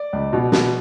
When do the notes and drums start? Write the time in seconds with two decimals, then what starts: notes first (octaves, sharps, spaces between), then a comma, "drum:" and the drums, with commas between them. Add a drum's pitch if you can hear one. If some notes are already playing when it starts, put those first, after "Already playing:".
Already playing: D5
0.13 C#2
0.33 B2
0.52 B2, drum: snare